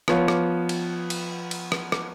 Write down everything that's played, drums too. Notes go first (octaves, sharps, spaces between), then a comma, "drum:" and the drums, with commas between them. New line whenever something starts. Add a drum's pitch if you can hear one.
F3 B3 C#5 F5, drum: rim click
drum: rim click
drum: cymbal
drum: cymbal
drum: cymbal
drum: rim click
drum: rim click